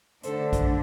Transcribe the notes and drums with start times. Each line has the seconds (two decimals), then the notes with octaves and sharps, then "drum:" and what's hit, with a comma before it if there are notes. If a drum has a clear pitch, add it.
0.23 D3 A3 D4 A4 C5, drum: hi-hat
0.53 drum: kick A#1, hi-hat